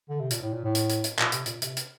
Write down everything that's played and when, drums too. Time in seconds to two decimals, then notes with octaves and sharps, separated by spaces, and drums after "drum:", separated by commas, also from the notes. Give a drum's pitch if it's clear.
0.10 D3
0.20 C3
0.31 A#2, drum: hi-hat
0.42 A2
0.53 A#2
0.64 A2
0.75 drum: hi-hat
0.90 drum: hi-hat
1.04 drum: hi-hat
1.19 A#2, drum: clap
1.32 C3, drum: hi-hat
1.46 A#2, drum: hi-hat
1.62 C3, drum: hi-hat
1.77 drum: hi-hat